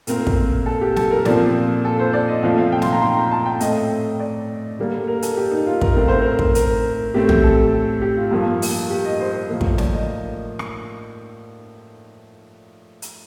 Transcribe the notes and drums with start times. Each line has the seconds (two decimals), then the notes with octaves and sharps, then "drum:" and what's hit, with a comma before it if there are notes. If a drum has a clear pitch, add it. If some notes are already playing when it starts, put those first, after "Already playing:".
0.07 A#2 A3 C4 A#4, drum: hi-hat
0.27 drum: kick
0.66 A4
0.81 G4
0.96 A4, drum: snare
1.11 A#4
1.25 A#2 F3 C4 D5, drum: snare
1.85 A4
1.99 C5
2.13 D5
2.28 D#5
2.43 A#2 F3 A3 C4 F5
2.58 F5
2.72 G5
2.82 C6, drum: snare
2.92 A#5
3.02 C6
3.17 A#5
3.31 A5
3.45 G5
3.60 A2 A3 C4 D#5, drum: hi-hat
4.20 D5
4.79 D3 G3 A#3
5.08 A#4
5.22 A4, drum: hi-hat
5.37 G4
5.51 D#4
5.67 F4
5.81 A#4, drum: kick
5.96 A2 A3 C4 A#4
6.08 C5
6.21 A#4
6.39 drum: kick
6.55 A#4, drum: hi-hat
7.14 A2 A3 C4 G4
7.29 G4, drum: tom
7.44 A4
8.02 G4
8.17 F4
8.31 G2 F3 A#3
8.62 drum: open hi-hat
8.90 G4
9.05 D#5
9.20 C5
9.50 A2 F3 A#3
9.61 drum: kick
9.78 D5, drum: snare
9.93 D#5
10.59 drum: rim click
13.02 drum: hi-hat